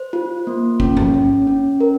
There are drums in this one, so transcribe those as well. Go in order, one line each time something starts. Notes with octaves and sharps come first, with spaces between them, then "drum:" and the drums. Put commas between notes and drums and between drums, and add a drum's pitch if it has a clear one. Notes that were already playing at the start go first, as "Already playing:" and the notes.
Already playing: C5
F4
A#3
C#4, drum: kick G1
drum: tom G2
C#4
C#4
A#4